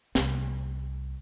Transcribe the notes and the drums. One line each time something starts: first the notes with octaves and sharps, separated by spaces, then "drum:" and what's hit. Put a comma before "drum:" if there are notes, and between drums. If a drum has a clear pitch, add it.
C2, drum: snare